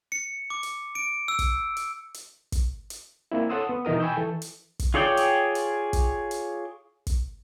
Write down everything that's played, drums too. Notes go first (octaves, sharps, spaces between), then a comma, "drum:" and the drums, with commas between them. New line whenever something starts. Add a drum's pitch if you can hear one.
C#7
D6
drum: hi-hat
D7
E6
drum: kick, hi-hat
drum: hi-hat
drum: hi-hat
drum: kick, hi-hat
drum: hi-hat
A#3 C4 E4
A4 C#5 F#5 C6 D#6 E6
B3
B2 E3 D#4 A#4 D#6
G5 G#5 B5 C#6 E6 G6
E3 A4
drum: hi-hat
drum: kick, hi-hat
F4 G#4 C#5 D5 G5
drum: hi-hat
drum: hi-hat
drum: kick, hi-hat
drum: hi-hat
drum: kick, hi-hat